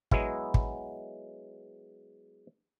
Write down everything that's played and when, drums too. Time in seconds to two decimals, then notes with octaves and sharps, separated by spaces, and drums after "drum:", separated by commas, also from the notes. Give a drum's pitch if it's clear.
0.11 F#3 G#3 B3 E4, drum: kick
0.54 drum: kick